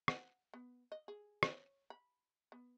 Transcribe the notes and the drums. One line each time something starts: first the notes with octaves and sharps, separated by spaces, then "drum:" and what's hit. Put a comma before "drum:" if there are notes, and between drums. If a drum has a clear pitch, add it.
F#5, drum: rim click
B3
D#5
G#4
C#5, drum: rim click
B5
B3